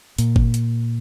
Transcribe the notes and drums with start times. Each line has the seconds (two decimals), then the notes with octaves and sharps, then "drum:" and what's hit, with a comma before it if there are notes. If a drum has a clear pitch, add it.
0.18 A#2, drum: hi-hat
0.36 drum: kick G1
0.54 drum: hi-hat